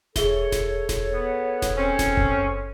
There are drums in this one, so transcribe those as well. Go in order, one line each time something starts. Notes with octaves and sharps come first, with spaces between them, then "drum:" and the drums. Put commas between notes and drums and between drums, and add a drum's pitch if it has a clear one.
G#4 A4 C#5 E5 G7, drum: snare E1
drum: snare E1
drum: snare E1
B3
drum: snare E1
C4 C#4
drum: snare E1
drum: kick F#1